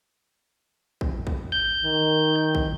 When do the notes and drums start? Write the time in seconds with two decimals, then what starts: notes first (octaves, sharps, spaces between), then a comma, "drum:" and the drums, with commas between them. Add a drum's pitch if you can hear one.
1.01 drum: kick
1.27 drum: kick
1.52 G6
1.85 D#3
2.55 drum: kick